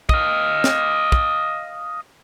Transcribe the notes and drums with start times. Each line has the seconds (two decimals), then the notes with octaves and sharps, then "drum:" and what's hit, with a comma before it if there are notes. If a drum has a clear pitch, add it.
0.09 D#5 F5, drum: kick
0.64 drum: snare
1.12 drum: kick